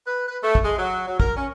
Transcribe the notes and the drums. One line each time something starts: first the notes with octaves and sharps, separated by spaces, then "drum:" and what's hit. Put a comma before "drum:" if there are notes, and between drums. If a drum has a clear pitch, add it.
B4
B4
A3
drum: kick
G#3
F#3
F#3
A#4, drum: kick
C#4